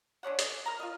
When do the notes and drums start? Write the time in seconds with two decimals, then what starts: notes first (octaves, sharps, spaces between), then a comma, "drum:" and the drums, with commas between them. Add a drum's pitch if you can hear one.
0.23 D3 C#4 C#5 F#5
0.39 D#5, drum: hi-hat
0.66 A#4 A#5
0.80 F4 D#5